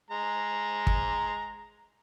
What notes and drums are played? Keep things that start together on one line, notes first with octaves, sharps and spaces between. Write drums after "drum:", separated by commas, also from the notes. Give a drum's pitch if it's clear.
G#3 A#5
drum: kick